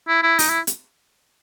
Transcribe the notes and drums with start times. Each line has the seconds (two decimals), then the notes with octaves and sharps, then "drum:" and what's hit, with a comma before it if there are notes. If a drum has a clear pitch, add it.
0.08 E4
0.23 E4
0.39 D#4, drum: open hi-hat
0.49 E4
0.67 drum: hi-hat